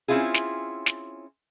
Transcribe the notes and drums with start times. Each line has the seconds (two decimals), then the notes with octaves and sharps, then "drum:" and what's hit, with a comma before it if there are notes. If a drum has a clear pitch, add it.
0.08 C4 C#4 E4 F4 G#4
0.34 drum: snare
0.86 drum: snare